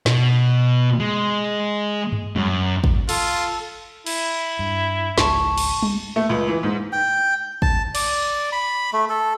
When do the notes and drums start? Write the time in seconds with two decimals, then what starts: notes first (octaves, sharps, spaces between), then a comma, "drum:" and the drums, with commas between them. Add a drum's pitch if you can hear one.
0.06 B2, drum: snare
1.00 G#3
2.12 drum: tom G2
2.36 F#2, drum: tom G3
2.84 drum: kick
3.09 F4 A4, drum: cymbal
4.06 E4, drum: cymbal
4.59 G2
5.18 G#1 C#2 G#3 A5 C#6, drum: snare
5.58 drum: cymbal
5.82 drum: tom G3
6.16 A3
6.29 C#2
6.48 E3
6.63 G#2
6.93 G5
7.62 A5, drum: kick
7.95 D5, drum: cymbal
8.52 B5
8.93 A3
9.09 A4